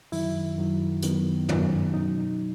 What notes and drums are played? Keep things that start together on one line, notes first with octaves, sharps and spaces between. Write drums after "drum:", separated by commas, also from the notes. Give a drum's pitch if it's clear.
F#2 D#3 F#3 E4, drum: open hi-hat
F#2 D#3 F#3
F#2 D#3 F#3 B3, drum: hi-hat
F#2 D#3 F#3 C#4, drum: tom
B2 F#3 D#4